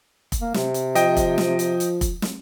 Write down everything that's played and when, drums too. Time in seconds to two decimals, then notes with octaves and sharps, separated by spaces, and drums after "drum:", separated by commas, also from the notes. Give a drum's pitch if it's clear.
0.32 drum: kick, hi-hat
0.41 A#3
0.54 C3, drum: snare
0.74 drum: hi-hat
0.95 F3 D#5 G5, drum: hi-hat
1.17 drum: kick, hi-hat
1.38 drum: snare
1.59 drum: hi-hat
1.80 drum: hi-hat
2.01 drum: kick, hi-hat
2.22 drum: snare